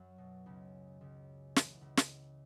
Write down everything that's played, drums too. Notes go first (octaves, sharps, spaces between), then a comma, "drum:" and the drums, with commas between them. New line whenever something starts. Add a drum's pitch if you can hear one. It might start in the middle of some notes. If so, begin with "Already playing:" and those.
Already playing: F#2 F#3
B2
C#2 C#3
C#2 C#3
E3, drum: snare
C#3
B2
C#2 C#3
drum: snare